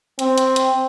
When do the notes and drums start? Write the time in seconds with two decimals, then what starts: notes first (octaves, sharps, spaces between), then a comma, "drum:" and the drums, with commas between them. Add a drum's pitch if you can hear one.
0.19 C4, drum: hi-hat
0.38 drum: hi-hat
0.56 drum: hi-hat